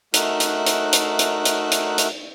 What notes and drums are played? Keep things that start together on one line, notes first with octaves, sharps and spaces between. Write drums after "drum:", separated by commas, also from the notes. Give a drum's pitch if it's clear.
A3 D#4 F#4 A#4 E5 F#6, drum: hi-hat
drum: hi-hat
drum: hi-hat
drum: hi-hat
drum: hi-hat
drum: hi-hat
drum: hi-hat
drum: hi-hat